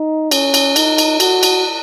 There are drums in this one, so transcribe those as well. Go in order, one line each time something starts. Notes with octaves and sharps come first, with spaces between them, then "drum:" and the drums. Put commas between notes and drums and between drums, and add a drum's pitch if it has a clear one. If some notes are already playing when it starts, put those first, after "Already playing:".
Already playing: D#4
C#4, drum: cymbal
drum: cymbal
D#4, drum: cymbal
drum: cymbal
F#4, drum: cymbal
drum: cymbal